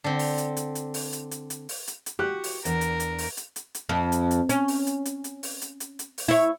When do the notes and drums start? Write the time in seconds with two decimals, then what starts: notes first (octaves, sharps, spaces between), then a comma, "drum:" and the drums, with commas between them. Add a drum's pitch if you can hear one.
0.04 D3 C4
0.19 drum: open hi-hat
0.38 drum: hi-hat
0.57 drum: hi-hat
0.75 drum: hi-hat
0.94 drum: open hi-hat
1.13 drum: hi-hat
1.31 drum: hi-hat
1.50 drum: hi-hat
1.69 drum: open hi-hat
1.87 drum: hi-hat
2.06 drum: hi-hat
2.19 F#4 G4 F#6
2.44 drum: open hi-hat
2.65 E2 D4 A#4, drum: hi-hat
2.81 drum: hi-hat
3.00 drum: hi-hat
3.18 drum: open hi-hat
3.37 drum: hi-hat
3.56 drum: hi-hat
3.75 drum: hi-hat
3.89 F2
4.12 drum: hi-hat
4.31 drum: hi-hat
4.49 C#4, drum: hi-hat
4.68 drum: open hi-hat
4.87 drum: hi-hat
5.05 drum: hi-hat
5.24 drum: hi-hat
5.43 drum: open hi-hat
5.62 drum: hi-hat
5.80 drum: hi-hat
5.99 drum: hi-hat
6.18 drum: open hi-hat
6.28 E4 C#5